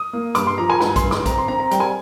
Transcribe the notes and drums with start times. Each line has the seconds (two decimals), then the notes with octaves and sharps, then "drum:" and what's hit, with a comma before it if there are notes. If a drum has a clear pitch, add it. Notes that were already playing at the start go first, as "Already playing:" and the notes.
Already playing: D#6
0.13 A#3
0.35 G2 D6, drum: hi-hat
0.47 C6
0.58 F3 A#5
0.70 G#5
0.80 G2 G#5, drum: snare
0.96 C6, drum: kick A#1, hi-hat
1.04 G2
1.11 D6, drum: snare
1.26 C4 A#5, drum: kick A#1, hi-hat
1.38 C6
1.48 C4 A#5
1.60 A#5
1.71 G3 G5, drum: hi-hat
1.80 G#5